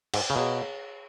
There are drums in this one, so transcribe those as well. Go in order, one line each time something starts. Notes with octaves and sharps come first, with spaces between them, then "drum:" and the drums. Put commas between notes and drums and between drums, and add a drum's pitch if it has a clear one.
G#2, drum: cymbal
C#3
B2 G#4 C#5 F5 A#5